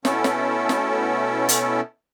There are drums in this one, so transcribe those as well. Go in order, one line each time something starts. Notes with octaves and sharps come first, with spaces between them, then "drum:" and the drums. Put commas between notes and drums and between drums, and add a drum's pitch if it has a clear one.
B2 A3 B3 C#4 E4 A4, drum: snare
drum: snare
drum: snare
drum: hi-hat